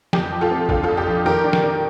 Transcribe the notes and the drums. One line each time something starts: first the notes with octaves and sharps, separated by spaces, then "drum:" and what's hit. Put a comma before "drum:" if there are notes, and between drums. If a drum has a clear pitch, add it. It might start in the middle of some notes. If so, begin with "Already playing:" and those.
F2 G4, drum: snare
F3
F4 A4
C4
D3 F4 A4, drum: kick G#1
F2 F4 A4
G4
F3
D#3 G4 A#4
D4
drum: snare
D#3